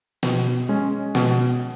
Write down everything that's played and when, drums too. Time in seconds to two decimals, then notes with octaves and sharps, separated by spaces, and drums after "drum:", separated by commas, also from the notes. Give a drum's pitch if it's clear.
0.23 B2, drum: snare
0.69 G#3 C#4
1.15 B2, drum: snare